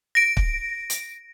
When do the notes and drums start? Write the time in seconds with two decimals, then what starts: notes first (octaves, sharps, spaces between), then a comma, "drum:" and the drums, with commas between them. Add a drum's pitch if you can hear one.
0.15 A#6 D7
0.37 drum: kick
0.90 drum: hi-hat